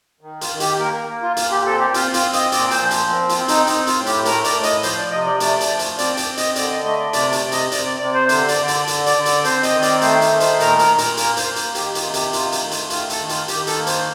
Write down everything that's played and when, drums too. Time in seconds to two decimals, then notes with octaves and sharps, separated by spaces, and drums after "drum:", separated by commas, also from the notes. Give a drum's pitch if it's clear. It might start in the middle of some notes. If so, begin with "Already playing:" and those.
0.21 D#3
0.41 F4, drum: hi-hat
0.50 D#3
0.60 G4, drum: hi-hat
0.79 A#3 A#4
0.93 A#4
1.08 A#3
1.23 F4
1.37 A#2 F4, drum: hi-hat
1.51 G4
1.66 C4 A4
1.80 G4
1.94 C4 F4, drum: hi-hat
2.14 F4, drum: hi-hat
2.24 C4
2.33 D#5, drum: hi-hat
2.52 A#2 D5, drum: hi-hat
2.71 C5, drum: hi-hat
2.82 F3
2.91 drum: hi-hat
3.10 C4
3.29 F4, drum: hi-hat
3.39 C4
3.48 D#4, drum: hi-hat
3.67 C4 D#4, drum: hi-hat
3.87 F4, drum: hi-hat
3.97 A2
4.06 G4, drum: hi-hat
4.25 A3 A#4, drum: hi-hat
4.44 D5, drum: hi-hat
4.54 A2
4.63 D#5, drum: hi-hat
4.83 F3 C5, drum: hi-hat
4.98 D5
5.11 C3 D#5
5.26 D5
5.40 A3 D5, drum: hi-hat
5.60 D5, drum: hi-hat
5.70 F3
5.79 drum: hi-hat
5.98 C4 D5, drum: hi-hat
6.17 D5, drum: hi-hat
6.27 C4
6.37 D#5, drum: hi-hat
6.56 D3 D5, drum: hi-hat
6.70 D#5
6.84 A3 D#5
6.99 D5
7.13 C3 D5, drum: hi-hat
7.32 D5, drum: hi-hat
7.42 C3
7.52 D#5, drum: hi-hat
7.72 C3 D5, drum: hi-hat
7.86 D5
8.00 C3 D5
8.14 C5
8.29 D3 C5, drum: hi-hat
8.48 D5, drum: hi-hat
8.58 D3
8.68 D5, drum: hi-hat
8.87 D3, drum: hi-hat
9.06 D5, drum: hi-hat
9.16 D3
9.26 D5, drum: hi-hat
9.45 C4 C5, drum: hi-hat
9.63 D#5, drum: hi-hat
9.73 D#3
9.82 D5, drum: hi-hat
10.02 A3 C5, drum: hi-hat
10.21 drum: hi-hat
10.32 D#3
10.40 C5, drum: hi-hat
10.60 A#2 A#4, drum: hi-hat
10.79 A#4, drum: hi-hat
10.89 A#2
10.98 A#4, drum: hi-hat
11.17 A#3 A#4, drum: hi-hat
11.37 C5, drum: hi-hat
11.47 A#3
11.56 drum: hi-hat
11.75 D#3 G4, drum: hi-hat
11.95 F4, drum: hi-hat
12.04 C3
12.14 G4, drum: hi-hat
12.33 D#3 F4, drum: hi-hat
12.52 drum: hi-hat
12.62 A3
12.71 drum: hi-hat
12.90 D#3 F4, drum: hi-hat
13.10 A4, drum: hi-hat
13.19 D#3
13.29 F4, drum: hi-hat
13.48 D#3 G4, drum: hi-hat
13.67 A4, drum: hi-hat
13.77 A#3
13.87 C5, drum: hi-hat